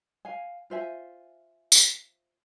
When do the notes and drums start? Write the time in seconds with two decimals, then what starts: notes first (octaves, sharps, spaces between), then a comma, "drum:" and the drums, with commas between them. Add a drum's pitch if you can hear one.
0.25 F5 G#5
0.70 F4 C5 E5 G#5
1.72 drum: tambourine